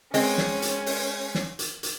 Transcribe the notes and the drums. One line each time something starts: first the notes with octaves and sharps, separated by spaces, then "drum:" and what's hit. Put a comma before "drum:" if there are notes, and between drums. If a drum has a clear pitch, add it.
G#3 C4 C#4, drum: open hi-hat
drum: snare
drum: hi-hat
drum: open hi-hat
drum: snare
drum: hi-hat
drum: hi-hat